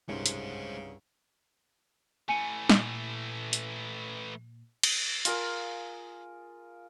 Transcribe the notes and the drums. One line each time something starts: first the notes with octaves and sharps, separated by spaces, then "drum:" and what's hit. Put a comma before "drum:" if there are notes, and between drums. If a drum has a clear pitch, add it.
C2 G2 C#3 G#3 G4 C5
drum: hi-hat
E3 A3 G#5 C#7 D#7
A#2, drum: snare
drum: hi-hat
drum: cymbal
F4 G#4 A#4, drum: hi-hat